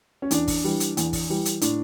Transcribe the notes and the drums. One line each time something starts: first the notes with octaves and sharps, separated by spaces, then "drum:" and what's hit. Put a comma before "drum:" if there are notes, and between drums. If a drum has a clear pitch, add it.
C#4
E2 D4, drum: hi-hat
drum: kick, open hi-hat
E3 G3
drum: hi-hat
E2, drum: hi-hat
drum: kick, open hi-hat
E3 G3
drum: hi-hat
A2 D4, drum: hi-hat